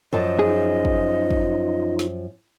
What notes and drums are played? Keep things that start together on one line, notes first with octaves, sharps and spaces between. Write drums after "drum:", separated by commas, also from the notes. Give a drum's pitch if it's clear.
F#2 F3 D#5 A5
D#4 F4 G#4
drum: kick
drum: kick
drum: snare